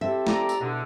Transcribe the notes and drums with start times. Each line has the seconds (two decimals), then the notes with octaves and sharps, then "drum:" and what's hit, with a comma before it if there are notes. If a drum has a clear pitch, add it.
0.01 C4 E4 G4 A4 E5
0.27 D5 A#5, drum: snare
0.49 drum: tambourine
0.60 B2 D3 E4 G#4